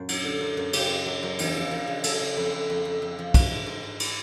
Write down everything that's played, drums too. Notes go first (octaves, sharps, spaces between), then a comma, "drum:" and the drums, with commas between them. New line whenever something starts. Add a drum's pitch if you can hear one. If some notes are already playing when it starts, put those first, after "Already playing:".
Already playing: F#2 A#2
F#3, drum: cymbal
D3
F#2
F#2
C#3 G4, drum: cymbal
C#3
F#3
F#2
E2, drum: cymbal
F3
F3
C#3
F#3 A4, drum: cymbal
C#3
F2
F2
F2
F2
F2
F3
E3 B4, drum: kick, cymbal
G#2
G#2
G#2
drum: cymbal